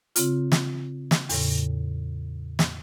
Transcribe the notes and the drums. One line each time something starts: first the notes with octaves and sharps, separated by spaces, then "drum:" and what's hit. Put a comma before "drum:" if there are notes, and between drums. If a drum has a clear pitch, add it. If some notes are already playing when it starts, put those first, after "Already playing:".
C#3 C4 F4, drum: hi-hat
drum: snare
drum: snare
E2 A2 C#3, drum: open hi-hat
drum: snare